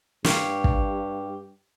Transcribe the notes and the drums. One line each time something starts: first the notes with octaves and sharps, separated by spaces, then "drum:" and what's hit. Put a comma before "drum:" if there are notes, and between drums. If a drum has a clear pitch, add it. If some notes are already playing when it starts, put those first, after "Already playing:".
G2 G4 C#5 F5, drum: snare
drum: kick